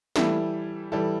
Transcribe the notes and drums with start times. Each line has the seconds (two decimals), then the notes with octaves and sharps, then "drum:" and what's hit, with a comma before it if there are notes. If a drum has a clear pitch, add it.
0.16 E3 G3 E4 A4, drum: snare
0.92 E3 G3 E4 A4